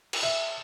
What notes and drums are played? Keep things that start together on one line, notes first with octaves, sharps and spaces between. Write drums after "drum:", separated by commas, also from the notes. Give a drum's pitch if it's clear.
drum: cymbal
E5